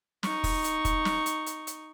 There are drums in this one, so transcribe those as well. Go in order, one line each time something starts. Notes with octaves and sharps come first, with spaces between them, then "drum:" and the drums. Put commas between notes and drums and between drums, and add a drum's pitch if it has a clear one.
D#4 C#6, drum: snare
drum: kick, open hi-hat
drum: hi-hat
drum: kick, hi-hat
drum: snare
drum: hi-hat
drum: hi-hat
drum: hi-hat